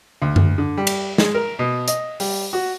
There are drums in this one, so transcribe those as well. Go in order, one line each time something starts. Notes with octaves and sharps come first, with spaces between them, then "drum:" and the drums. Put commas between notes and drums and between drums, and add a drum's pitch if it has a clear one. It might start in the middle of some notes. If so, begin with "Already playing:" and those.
D2
drum: tom F#2
D3
G3
drum: cymbal
G#3, drum: snare
A#4
B2
D#5, drum: hi-hat
G3, drum: open hi-hat
F#4